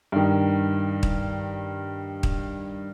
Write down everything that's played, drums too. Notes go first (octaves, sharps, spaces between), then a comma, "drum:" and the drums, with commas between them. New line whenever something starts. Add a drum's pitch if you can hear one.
G2 D#3
drum: kick
drum: kick